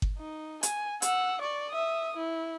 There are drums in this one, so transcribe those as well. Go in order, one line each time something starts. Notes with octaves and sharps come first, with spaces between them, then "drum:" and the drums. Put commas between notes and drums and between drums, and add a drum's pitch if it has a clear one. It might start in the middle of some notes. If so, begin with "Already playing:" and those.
drum: kick G1
D#4
G#5, drum: hi-hat
F#5 E6, drum: hi-hat
D5 C#6
E5 D#6
E4